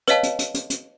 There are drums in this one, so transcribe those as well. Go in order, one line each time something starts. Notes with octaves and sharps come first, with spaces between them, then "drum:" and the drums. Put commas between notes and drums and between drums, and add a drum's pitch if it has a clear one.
B4 C#5 D#5 F5 A5, drum: hi-hat
drum: hi-hat
drum: hi-hat
drum: hi-hat
drum: hi-hat